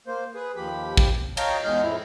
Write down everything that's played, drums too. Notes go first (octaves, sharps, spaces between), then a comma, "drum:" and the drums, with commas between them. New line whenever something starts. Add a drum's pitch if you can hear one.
A#3 C5
G#4 B4
D#2 F3 G4 B5
drum: kick
C#5 D#5 F5 G5 A5 A#5, drum: cymbal
E2 G#3 D#4 F6 G6
F2 A2 E4